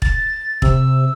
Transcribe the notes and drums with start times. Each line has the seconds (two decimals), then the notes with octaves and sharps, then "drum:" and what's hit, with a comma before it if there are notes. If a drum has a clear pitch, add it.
0.02 A6, drum: kick
0.62 C3 E6, drum: kick